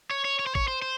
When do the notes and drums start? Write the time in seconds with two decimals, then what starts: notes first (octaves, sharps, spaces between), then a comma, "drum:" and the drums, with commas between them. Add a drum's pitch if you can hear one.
0.11 C#5
0.25 C#5
0.39 C#5
0.47 C5
0.55 C#5, drum: kick
0.68 C5
0.82 C5